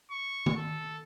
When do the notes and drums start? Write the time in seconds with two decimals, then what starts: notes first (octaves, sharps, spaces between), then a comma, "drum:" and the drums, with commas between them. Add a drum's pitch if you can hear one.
0.11 C#6
0.46 drum: tom
0.56 A4